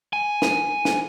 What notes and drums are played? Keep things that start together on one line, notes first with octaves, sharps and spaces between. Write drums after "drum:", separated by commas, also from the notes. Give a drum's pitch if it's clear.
G#5
drum: snare
drum: snare